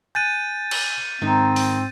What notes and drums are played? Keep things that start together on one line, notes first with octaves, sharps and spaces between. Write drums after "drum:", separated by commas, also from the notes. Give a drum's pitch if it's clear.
G#5 F#6 G6 A6 D#7
drum: cymbal
G#2 D#3 C4 D#4
drum: open hi-hat